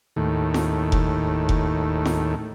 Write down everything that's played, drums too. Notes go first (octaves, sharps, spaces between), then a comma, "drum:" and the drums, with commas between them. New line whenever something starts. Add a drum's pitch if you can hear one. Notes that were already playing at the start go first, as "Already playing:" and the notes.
D#2 A2
drum: snare F4
drum: kick F1
drum: kick F1
drum: snare F4